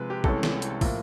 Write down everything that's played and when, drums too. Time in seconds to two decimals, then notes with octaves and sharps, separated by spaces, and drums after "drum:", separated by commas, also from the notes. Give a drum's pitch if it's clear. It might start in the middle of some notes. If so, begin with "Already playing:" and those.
Already playing: C3 F3 G#3 B4
0.10 G4
0.24 C2 C3 E3 G#3 C#4 A4, drum: kick
0.43 drum: snare
0.62 drum: hi-hat
0.81 A2 F3 A#3, drum: kick, open hi-hat